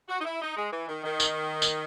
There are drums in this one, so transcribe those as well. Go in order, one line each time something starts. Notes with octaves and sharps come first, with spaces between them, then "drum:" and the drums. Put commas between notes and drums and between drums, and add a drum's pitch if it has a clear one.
F#4
D#4
E4
D#4
G#3
E3
D#3
D#3
drum: tambourine
drum: tambourine